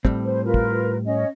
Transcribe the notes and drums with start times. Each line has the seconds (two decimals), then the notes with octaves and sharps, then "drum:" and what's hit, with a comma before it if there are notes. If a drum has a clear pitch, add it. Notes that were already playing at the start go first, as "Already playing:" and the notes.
0.05 A2 G3 C4, drum: kick
0.24 B4 C5
0.44 F4 A#4 B4
0.54 drum: kick
1.06 C#4 D#5